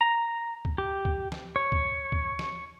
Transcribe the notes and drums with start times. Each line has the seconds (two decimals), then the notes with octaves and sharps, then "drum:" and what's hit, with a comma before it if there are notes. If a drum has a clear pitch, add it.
0.01 A#5
0.65 drum: kick
0.78 G4
1.05 drum: kick
1.32 drum: snare
1.56 C#5
1.72 drum: kick
2.12 drum: kick
2.39 drum: snare